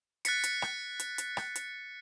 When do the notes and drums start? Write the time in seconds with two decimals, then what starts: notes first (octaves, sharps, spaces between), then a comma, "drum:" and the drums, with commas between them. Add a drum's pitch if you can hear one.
0.25 F#6 A6 B6 C#7, drum: hi-hat
0.44 drum: hi-hat
0.62 drum: rim click
1.00 drum: hi-hat
1.18 drum: hi-hat
1.37 drum: rim click
1.56 drum: hi-hat